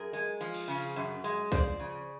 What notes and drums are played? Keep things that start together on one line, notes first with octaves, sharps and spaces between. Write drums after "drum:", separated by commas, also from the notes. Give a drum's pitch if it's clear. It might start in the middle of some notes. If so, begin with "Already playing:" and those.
Already playing: F#2 G#4 A#4
G#3
F3
drum: cymbal
C#3
F#2
G#3
F3 C5 D5, drum: kick C2
C#3